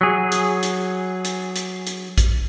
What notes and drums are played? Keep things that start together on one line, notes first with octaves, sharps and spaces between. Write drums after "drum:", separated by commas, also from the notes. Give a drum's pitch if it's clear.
F#3 G#4
drum: hi-hat
drum: hi-hat
drum: hi-hat
drum: hi-hat
drum: hi-hat
drum: kick A#1, hi-hat